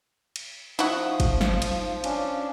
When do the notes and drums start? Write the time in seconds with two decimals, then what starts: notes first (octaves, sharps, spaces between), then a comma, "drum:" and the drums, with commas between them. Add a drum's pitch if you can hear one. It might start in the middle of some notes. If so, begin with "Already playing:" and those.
0.36 drum: cymbal
0.79 F3 D#4 E4 F#4 D#6, drum: cymbal
1.20 drum: kick, cymbal
1.41 drum: snare
1.62 drum: cymbal
2.04 C#4 D4, drum: cymbal